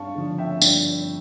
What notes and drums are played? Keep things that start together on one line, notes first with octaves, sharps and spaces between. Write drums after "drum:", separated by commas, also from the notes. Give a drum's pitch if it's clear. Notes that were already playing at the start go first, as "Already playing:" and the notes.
Already playing: G2 F5 A5 C#6
D3 F3
E5 G5
G2, drum: tambourine